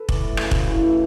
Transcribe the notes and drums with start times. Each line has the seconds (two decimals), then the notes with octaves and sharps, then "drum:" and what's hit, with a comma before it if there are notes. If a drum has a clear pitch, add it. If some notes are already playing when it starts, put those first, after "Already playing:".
Already playing: A4 B4
0.09 A2 E3 D5, drum: kick
0.37 C#3 F#3, drum: rim click
0.51 drum: kick
0.65 A2 E3